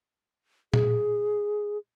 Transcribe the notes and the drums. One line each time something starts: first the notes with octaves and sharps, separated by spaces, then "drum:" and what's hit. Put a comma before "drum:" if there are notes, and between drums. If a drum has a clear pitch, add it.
G#4, drum: tom A#2